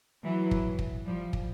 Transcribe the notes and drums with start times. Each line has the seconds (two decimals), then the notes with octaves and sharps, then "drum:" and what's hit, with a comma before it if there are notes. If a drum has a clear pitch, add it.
0.24 E3 F#3
0.51 drum: kick
0.79 drum: kick
1.06 F3 G3
1.33 drum: kick